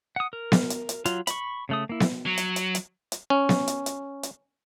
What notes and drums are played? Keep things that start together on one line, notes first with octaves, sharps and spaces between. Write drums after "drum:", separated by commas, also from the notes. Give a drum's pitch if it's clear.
F#5 D#6
A#4
drum: snare B3
drum: hi-hat
drum: hi-hat
F#3 F4, drum: hi-hat
B5 C#6, drum: hi-hat
C#3 A3 D#6
A#3 E4
drum: snare B3
F#3
drum: hi-hat
drum: hi-hat
drum: hi-hat
drum: hi-hat
C#4
drum: snare B3
drum: hi-hat
drum: hi-hat
drum: hi-hat